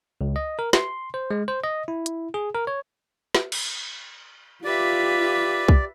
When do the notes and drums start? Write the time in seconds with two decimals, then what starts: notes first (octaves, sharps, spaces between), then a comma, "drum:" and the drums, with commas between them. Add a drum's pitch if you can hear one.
0.21 C#2
0.36 D#5
0.59 A#4
0.73 C6, drum: snare
1.14 C5
1.31 G#3
1.48 C5
1.64 D#5
1.88 E4
2.06 drum: hi-hat
2.34 G#4
2.55 A#4
2.67 C#5
3.35 drum: snare
3.52 drum: cymbal
4.64 F4 G4 B4 D5 E5
5.68 drum: kick